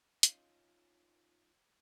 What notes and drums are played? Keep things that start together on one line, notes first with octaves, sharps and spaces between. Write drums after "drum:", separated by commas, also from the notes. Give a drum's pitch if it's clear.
C#4 D#4 F4, drum: hi-hat